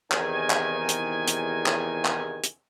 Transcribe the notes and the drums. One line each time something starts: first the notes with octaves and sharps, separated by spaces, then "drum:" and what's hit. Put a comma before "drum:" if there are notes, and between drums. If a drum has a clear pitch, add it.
E2 C3 D#3 G#5, drum: clap
drum: clap
drum: hi-hat
drum: hi-hat
drum: clap
drum: clap
drum: hi-hat